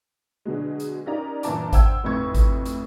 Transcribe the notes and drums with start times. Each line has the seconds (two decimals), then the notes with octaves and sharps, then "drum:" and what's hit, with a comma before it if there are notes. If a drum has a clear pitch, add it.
0.45 B2 D3 F#3 G#3
0.80 drum: hi-hat
1.06 C#4 D#4 G4 A#4 D5 A#5
1.43 G1 A#2 E3 A5 A#5 D6, drum: hi-hat
1.73 C5 F#5 G5 E6 G#6, drum: kick G#1, hi-hat
2.04 F1 F2 A2 C#6 G#6
2.35 drum: kick G#1, hi-hat
2.65 drum: hi-hat